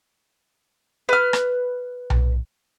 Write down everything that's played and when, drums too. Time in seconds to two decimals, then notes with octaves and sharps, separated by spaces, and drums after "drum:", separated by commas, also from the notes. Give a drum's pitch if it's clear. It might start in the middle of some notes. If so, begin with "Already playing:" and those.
1.09 B4 F6
1.33 drum: rim click
2.10 drum: tom B1